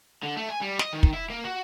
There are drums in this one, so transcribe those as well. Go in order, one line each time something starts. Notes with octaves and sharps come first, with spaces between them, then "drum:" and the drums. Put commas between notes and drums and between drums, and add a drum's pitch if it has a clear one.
D3
A3
G#5
G3
D#5, drum: snare
D#3
drum: kick
E4
A#3
F#4